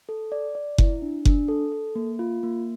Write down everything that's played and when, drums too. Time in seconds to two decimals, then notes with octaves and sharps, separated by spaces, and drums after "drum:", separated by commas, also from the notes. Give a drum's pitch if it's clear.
0.09 A4
0.32 D5
0.55 D5
0.78 E4, drum: kick F#1
1.02 D4
1.25 D4, drum: kick F#1
1.48 A4
1.72 A4
1.96 A#3
2.19 F4
2.43 A#3